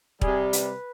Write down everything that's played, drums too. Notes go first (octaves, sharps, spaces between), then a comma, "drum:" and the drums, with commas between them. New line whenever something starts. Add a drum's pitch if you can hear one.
C3 G3 G#4, drum: kick
B4, drum: hi-hat